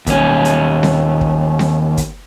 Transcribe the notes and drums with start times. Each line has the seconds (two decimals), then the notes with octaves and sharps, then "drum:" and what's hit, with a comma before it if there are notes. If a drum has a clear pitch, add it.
0.07 D#2 C#4, drum: kick, hi-hat
0.45 drum: hi-hat
0.83 drum: snare C4
1.21 drum: kick
1.59 drum: snare C4
1.97 drum: kick, hi-hat